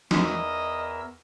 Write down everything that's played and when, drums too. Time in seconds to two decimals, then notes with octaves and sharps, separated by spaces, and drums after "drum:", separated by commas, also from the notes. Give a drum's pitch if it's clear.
0.11 E2 D#4 A#4 D#5 E6, drum: snare